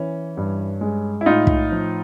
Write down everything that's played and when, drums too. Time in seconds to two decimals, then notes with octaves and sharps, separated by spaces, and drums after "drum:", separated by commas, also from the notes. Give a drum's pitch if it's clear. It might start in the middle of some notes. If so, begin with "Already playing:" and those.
Already playing: E3 C#4
0.37 G2
0.81 G#3
1.21 E4
1.26 A2 D#4 F4
1.47 drum: kick
1.72 F3